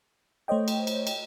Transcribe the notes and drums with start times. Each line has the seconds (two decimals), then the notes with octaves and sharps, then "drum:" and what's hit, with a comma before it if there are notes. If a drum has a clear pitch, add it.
0.48 A3 C5 C#5 D#5 G5
0.68 drum: cymbal
0.87 drum: cymbal
1.07 drum: cymbal